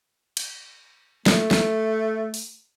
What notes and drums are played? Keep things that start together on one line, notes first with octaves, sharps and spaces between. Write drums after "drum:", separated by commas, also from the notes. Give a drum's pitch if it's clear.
drum: cymbal
A3, drum: snare
drum: snare
drum: open hi-hat